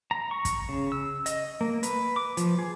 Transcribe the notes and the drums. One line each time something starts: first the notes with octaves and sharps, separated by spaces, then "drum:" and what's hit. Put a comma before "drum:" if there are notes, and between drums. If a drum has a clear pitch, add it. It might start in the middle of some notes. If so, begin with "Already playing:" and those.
A#5
C#6
drum: kick, hi-hat
C#3
E6
D#5, drum: hi-hat
A#3
B4, drum: hi-hat
D6
F3, drum: hi-hat
G#4